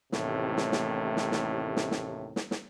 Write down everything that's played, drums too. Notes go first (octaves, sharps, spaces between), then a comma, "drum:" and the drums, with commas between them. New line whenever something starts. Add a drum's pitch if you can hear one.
A1 D#2 A2 C3, drum: snare
drum: snare
drum: snare
drum: snare
drum: snare
drum: snare
drum: snare
drum: snare
drum: snare